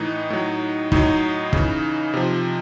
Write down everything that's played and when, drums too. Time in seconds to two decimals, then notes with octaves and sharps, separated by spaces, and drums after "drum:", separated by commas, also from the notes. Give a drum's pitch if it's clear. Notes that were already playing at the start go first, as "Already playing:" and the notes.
Already playing: A2 E3 D#4
0.30 A2 F#3
0.92 A2 F#3 D#4, drum: kick
1.53 C#3 E3, drum: kick
2.14 C3 F3